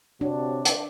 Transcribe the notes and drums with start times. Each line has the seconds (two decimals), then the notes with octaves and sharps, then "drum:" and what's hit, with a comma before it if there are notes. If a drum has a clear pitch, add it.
0.21 C3 D4 F#4 C#5
0.65 drum: hi-hat